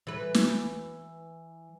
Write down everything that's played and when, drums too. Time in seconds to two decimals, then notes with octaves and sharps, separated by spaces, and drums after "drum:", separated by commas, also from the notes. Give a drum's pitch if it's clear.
0.07 E3 B4
0.34 drum: snare